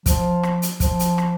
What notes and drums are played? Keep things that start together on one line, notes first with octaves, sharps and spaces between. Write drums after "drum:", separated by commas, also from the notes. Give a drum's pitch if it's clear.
F3, drum: kick, hi-hat
drum: rim click
drum: hi-hat
F3, drum: kick, hi-hat
drum: hi-hat
drum: rim click